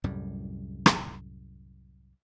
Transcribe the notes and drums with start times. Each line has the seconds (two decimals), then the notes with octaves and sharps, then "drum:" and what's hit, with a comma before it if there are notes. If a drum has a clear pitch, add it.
0.04 C2 F#2 A2 G3
0.86 drum: rim click